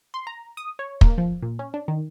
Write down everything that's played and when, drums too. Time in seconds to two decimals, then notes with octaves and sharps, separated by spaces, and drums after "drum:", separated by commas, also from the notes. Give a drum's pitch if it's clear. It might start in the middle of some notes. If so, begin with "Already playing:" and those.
0.14 C6
0.27 A#5
0.57 D#6
0.79 C#5
1.01 A#3, drum: kick
1.18 F3
1.43 A#2
1.59 C#4
1.74 D4
1.88 D#3